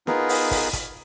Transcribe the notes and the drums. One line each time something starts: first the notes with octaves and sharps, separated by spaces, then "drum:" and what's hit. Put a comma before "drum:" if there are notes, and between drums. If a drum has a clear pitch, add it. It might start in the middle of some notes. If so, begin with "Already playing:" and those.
B3 D#4 F4 G#4 A#4 B4, drum: snare
drum: open hi-hat
drum: kick, open hi-hat
drum: kick, hi-hat